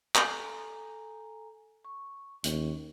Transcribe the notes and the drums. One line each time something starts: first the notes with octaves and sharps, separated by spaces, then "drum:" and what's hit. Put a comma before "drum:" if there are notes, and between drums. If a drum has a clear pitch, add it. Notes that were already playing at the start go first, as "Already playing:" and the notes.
A4 G#5 A#5, drum: clap
C#6
D#2 C#4, drum: hi-hat